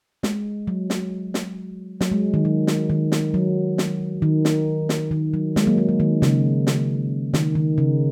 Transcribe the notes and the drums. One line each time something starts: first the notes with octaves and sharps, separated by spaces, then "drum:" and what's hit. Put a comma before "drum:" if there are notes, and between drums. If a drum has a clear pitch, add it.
G#3, drum: snare
F#3
drum: snare
drum: snare
F#3, drum: snare
G#3
D#3
F#3
drum: snare
D#3
drum: snare
F#3
drum: snare
D#3
drum: snare
drum: snare
D#3
F#3
G#3, drum: snare
F#3 A#3
G#3
F#3
D#3
C#3, drum: snare
drum: snare
D#3, drum: snare
D#3
C#3